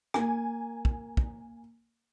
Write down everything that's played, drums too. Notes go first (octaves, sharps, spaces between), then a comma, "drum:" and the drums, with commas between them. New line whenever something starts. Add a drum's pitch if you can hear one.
A#3 G#5, drum: rim click
drum: kick
drum: kick